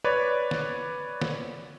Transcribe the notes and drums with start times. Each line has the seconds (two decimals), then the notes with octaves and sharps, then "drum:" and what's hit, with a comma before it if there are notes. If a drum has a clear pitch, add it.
0.04 B4 C#5 D5
0.51 drum: snare
1.21 drum: snare